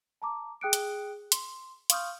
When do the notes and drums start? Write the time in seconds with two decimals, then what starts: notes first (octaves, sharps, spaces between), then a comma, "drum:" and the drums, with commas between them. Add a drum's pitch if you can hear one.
0.22 A5 A#5 D6
0.61 G#4 G5 D#6 F#6 C#7 D7
0.73 drum: hi-hat
1.32 C6, drum: hi-hat
1.90 F5 C6 C#6 D#6 F6 G6, drum: hi-hat